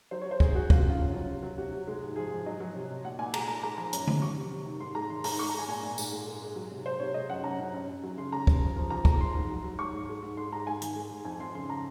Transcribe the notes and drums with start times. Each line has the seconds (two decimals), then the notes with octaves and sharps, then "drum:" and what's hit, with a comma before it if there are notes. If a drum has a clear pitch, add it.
0.11 F#3 C5
0.22 C#5
0.26 F#3
0.31 C5
0.40 F#3 G#4, drum: kick
0.55 F#3 F#4
0.70 C#3 F4, drum: kick
0.79 F#4
0.84 C#3 F4
0.99 F#2
1.14 F#2
1.29 C3
1.42 F#3
1.57 C3 F#4
1.72 C3
1.87 G#3
2.02 G#2
2.16 F3 G#4
2.31 F3
2.46 F#3 D#5
2.60 F#3
2.75 C3
2.90 C3
3.05 A#2 F#5
3.19 A#2 G#5
3.34 G#3 A#5, drum: cymbal
3.48 G#3 A#5
3.63 G#3 A#5
3.78 F3 A#5
3.93 F#2 A#5, drum: hi-hat
4.07 F3, drum: tom D3
4.22 F#3 C#6
4.37 C3
4.51 C3
4.66 D#3
4.80 G#2 C6
4.95 G#3 A#5
5.10 D#3 C6
5.24 G#2 A#5, drum: open hi-hat
5.39 G#3 C#6
5.49 A#5
5.54 G#3 G#5
5.68 A#2 G#5
5.83 A#2
5.98 G#2, drum: tambourine
6.12 G#3
6.27 G#3
6.42 G#3
6.56 F#3
6.71 C3
6.86 F#3 C5
7.00 C3 C#5
7.14 G#3 D#5
7.29 F#2 F#5
7.44 F#2 A#5
7.59 F#2
7.74 F#2
7.89 F#2
8.03 F#3
8.17 C#3 C6
8.32 G#3 A#5
8.47 C3, drum: kick
8.62 F3
8.76 F3
8.90 F3 A#5
9.05 G#3 A#5, drum: kick
9.20 F3 C6
9.35 G#2
9.50 F#3
9.64 F#3
9.79 G#2 C#6
9.94 G#2
10.09 G#3
10.23 G#2
10.37 G#3 C6
10.52 G#2 A#5
10.67 G#2 G#5
10.82 D#3, drum: hi-hat
10.96 G#3
11.11 G#2
11.25 F2 G#5
11.40 F2 C6
11.54 C#3 C6
11.70 A#5